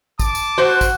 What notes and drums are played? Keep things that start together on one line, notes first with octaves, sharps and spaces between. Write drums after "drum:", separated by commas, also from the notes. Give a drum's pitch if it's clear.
A5 D6, drum: kick, tambourine
drum: tambourine
F#4 C5
drum: kick, tambourine